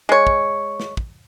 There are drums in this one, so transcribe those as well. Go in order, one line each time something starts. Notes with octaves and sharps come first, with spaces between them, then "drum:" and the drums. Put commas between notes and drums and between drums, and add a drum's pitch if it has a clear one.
G#3 C#5
drum: kick
drum: snare
drum: kick